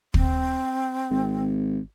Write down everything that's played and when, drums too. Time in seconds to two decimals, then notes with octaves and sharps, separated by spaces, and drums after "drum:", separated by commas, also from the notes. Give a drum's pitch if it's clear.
0.14 C4, drum: kick
1.10 G#1